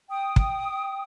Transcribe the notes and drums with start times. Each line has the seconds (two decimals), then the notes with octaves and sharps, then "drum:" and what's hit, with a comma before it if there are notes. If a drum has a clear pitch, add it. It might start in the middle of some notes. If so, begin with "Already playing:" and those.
0.10 G5 D#6
0.36 drum: kick